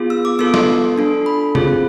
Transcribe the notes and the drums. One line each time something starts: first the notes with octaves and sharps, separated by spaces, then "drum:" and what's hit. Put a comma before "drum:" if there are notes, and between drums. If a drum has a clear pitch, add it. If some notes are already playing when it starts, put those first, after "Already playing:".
Already playing: B3 F4 G#4
E6
D6
B3 F4 A4 E6
C6, drum: snare
D4 A4
B5
C4 F4 G#4, drum: tom